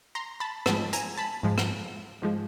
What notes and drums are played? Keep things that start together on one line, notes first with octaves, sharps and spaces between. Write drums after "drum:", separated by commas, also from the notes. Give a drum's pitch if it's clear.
A#5 C6
A5 B5
G#2 F3 G#3 A5 B5, drum: rim click
G#5 A#5, drum: hi-hat
A5 B5
G#2 F3 G#3
drum: rim click
G#2 F3 G#3